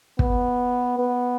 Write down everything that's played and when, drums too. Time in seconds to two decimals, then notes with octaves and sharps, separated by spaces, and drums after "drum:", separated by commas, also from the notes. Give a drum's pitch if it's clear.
0.19 B3, drum: kick
0.99 B3